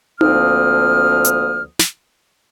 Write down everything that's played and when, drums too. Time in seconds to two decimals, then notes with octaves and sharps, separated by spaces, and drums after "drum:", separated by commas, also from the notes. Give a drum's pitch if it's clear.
0.21 D2 F3 A#3 C4 D#6 F6, drum: tom D#4
1.25 drum: hi-hat
1.79 drum: snare